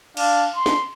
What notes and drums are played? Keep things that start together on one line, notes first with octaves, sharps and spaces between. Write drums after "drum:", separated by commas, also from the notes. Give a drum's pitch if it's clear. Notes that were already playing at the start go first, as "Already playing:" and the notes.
D4 F5, drum: cymbal
C6
drum: snare